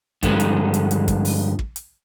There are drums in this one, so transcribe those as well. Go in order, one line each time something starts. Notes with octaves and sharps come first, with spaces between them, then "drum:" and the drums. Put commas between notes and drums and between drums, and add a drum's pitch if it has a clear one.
G2 D3 F3 G#3, drum: kick, hi-hat
drum: hi-hat
drum: hi-hat
drum: hi-hat
drum: kick, hi-hat
drum: open hi-hat
drum: kick
drum: hi-hat